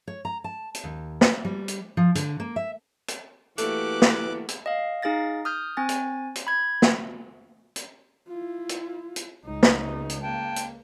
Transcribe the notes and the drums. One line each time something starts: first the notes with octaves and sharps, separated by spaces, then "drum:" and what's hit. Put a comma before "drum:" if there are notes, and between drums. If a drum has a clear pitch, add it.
C#5
A#5
A5
drum: hi-hat
D#2
drum: snare
G3
drum: hi-hat
F3
D3, drum: hi-hat
A#3
E5
drum: hi-hat
E3 A3 A#3 F#4 G4 D6 F#6, drum: hi-hat
drum: snare
drum: hi-hat
D#5 F5
D#4 G#4 F5 A6 A#6
D#6 F6 G6
C4 G#5 A6
drum: hi-hat
drum: hi-hat
B5 G#6
drum: snare
drum: hi-hat
E4 F4
drum: hi-hat
drum: hi-hat
C#2 D#4
drum: snare
drum: hi-hat
A#3 G5 A5
drum: hi-hat